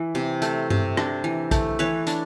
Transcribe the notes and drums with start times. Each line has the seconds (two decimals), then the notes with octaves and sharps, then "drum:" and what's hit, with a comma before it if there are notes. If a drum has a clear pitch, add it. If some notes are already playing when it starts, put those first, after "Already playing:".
Already playing: E3
0.15 C3
0.42 A3, drum: hi-hat
0.70 C3, drum: tom G2
0.97 D4, drum: rim click
1.24 E3
1.51 A3, drum: kick A#1, hi-hat
1.79 E3 B4 C#5
2.07 D4, drum: hi-hat